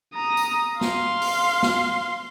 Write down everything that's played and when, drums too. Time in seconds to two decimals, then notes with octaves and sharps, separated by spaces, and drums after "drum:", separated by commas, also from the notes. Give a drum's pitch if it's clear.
0.15 A#5 D#6
0.37 drum: tambourine
0.81 F5 C6, drum: snare
1.22 drum: open hi-hat
1.63 drum: snare